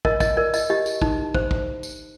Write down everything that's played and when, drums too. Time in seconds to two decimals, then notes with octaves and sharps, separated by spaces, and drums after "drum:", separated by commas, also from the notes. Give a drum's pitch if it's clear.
0.05 A#4 D#5, drum: kick
0.20 D#5, drum: kick, tambourine
0.37 A#4 D5
0.54 D#5, drum: tambourine
0.70 G4 D#5
0.86 drum: tambourine
1.02 D#4, drum: kick
1.34 C5, drum: kick
1.51 drum: kick
1.83 drum: tambourine